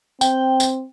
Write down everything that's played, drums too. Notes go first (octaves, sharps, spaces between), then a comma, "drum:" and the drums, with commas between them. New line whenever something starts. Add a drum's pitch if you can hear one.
C4 G5, drum: tambourine
drum: tambourine